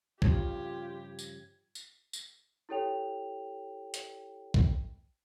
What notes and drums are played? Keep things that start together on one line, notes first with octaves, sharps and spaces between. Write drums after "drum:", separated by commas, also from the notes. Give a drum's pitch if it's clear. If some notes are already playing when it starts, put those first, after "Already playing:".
G2 C#3 F3 F4 G4 G#6, drum: kick
drum: tambourine
drum: tambourine
drum: tambourine
E4 G4 A4 C#5 G5 F7
drum: hi-hat
drum: kick